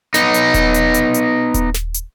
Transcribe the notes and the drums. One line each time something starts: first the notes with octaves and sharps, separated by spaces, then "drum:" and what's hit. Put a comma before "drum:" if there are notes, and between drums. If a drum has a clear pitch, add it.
B3 D#4, drum: snare
drum: hi-hat
drum: kick D#1, hi-hat
drum: hi-hat
drum: hi-hat
drum: hi-hat
drum: kick D#1, hi-hat
drum: snare
drum: hi-hat